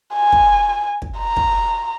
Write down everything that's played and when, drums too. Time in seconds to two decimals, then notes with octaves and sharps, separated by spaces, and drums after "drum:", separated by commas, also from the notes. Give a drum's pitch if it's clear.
0.15 G#5
0.32 drum: kick
1.02 drum: kick
1.19 A#5
1.36 drum: kick